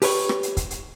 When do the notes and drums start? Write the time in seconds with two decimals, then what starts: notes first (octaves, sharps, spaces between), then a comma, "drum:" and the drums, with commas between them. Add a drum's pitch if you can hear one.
0.02 G4 B4 C#5, drum: open hi-hat
0.29 drum: rim click
0.43 drum: hi-hat
0.57 drum: kick, hi-hat
0.70 drum: hi-hat